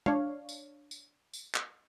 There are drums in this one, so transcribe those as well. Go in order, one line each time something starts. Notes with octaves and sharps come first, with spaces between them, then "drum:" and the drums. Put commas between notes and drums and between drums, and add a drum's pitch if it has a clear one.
D4 C#5 F5, drum: tom
drum: tambourine
drum: tambourine
drum: tambourine
drum: clap